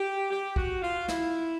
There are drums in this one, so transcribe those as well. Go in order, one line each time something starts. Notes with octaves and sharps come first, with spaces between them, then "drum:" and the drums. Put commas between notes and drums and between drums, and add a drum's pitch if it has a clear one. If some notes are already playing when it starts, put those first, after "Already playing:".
Already playing: G4
G4
F#4, drum: kick
F4
E4, drum: snare